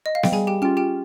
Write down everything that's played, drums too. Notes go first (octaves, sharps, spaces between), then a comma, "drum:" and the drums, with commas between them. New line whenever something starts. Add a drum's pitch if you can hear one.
D#5
F5
G5, drum: snare B3
G3 G#4 G#5
G4 G5
C#4 F4 G4 G5
G4 G5